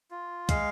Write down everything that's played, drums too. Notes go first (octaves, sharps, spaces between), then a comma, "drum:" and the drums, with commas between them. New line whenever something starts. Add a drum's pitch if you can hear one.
F4
G#3 F5, drum: kick, hi-hat